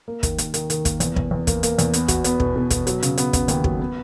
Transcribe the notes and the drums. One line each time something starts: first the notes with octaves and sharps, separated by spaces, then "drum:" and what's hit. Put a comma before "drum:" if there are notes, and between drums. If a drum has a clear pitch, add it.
A#3
D#3, drum: kick, hi-hat
D#2, drum: hi-hat
D#3, drum: hi-hat
D#3, drum: hi-hat
A#3, drum: kick, hi-hat
E2, drum: hi-hat
E2, drum: kick
E2
A#3, drum: kick, hi-hat
A#3, drum: hi-hat
E2, drum: hi-hat
B3, drum: hi-hat
F#4, drum: kick, hi-hat
B3, drum: hi-hat
B2, drum: kick
B2
B2, drum: kick, hi-hat
F#3, drum: hi-hat
C#3, drum: hi-hat
B3, drum: hi-hat
B3, drum: kick, hi-hat
D#2, drum: hi-hat
F#3, drum: kick
B3